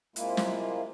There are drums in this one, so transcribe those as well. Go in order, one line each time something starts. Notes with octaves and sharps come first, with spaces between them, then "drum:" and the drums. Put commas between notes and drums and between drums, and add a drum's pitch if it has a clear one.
C3 G#3 A#3 E4 F4, drum: hi-hat
drum: snare